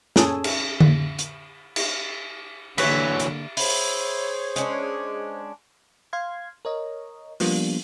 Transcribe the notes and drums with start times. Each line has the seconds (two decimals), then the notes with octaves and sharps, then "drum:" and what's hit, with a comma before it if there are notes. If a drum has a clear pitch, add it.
0.16 C#4 G#4 A4 D#6, drum: snare
0.44 drum: cymbal
0.80 drum: tom D3
1.19 drum: hi-hat
1.76 drum: cymbal
2.78 D3 E3 F#3 A#3 B4 C#5, drum: cymbal
3.20 drum: hi-hat
3.57 E4 G#4 C5 C#5, drum: open hi-hat
4.56 G#3 C#4 D4, drum: hi-hat
6.13 F5 C6 G#6
6.65 A#4 C#5 D#5
7.40 F3 G3 A#3 B3 D4 F4, drum: open hi-hat